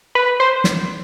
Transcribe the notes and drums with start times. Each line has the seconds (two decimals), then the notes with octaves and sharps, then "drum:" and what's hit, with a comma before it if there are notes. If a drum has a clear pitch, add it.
0.15 B4
0.40 C5
0.64 drum: snare